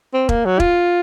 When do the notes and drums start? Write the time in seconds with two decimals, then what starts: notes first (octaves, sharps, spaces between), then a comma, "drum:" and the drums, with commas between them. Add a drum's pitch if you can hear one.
0.13 C4
0.29 A#3, drum: kick E1
0.45 F#3
0.60 F4, drum: kick E1